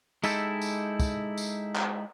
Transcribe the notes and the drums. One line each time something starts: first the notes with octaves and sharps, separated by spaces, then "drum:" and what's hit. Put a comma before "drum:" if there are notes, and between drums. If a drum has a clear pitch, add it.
G#3 D#4 E4 G4 A4, drum: tambourine
drum: tambourine
drum: kick, tambourine
drum: tambourine
drum: clap